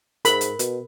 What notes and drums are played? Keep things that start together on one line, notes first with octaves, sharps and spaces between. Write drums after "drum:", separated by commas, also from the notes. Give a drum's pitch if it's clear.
G#2 A#4 B5, drum: hi-hat
drum: hi-hat
B2, drum: hi-hat